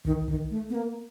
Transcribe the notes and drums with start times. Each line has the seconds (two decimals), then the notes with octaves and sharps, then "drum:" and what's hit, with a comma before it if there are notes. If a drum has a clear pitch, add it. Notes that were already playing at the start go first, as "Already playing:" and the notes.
0.05 D#3, drum: kick
0.28 D#3, drum: kick
0.51 A3
0.70 B3
0.75 A#3